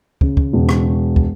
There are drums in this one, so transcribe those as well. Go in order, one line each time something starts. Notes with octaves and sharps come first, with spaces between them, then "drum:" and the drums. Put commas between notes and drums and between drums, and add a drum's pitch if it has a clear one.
C#3, drum: kick
drum: kick
E1
drum: rim click
drum: kick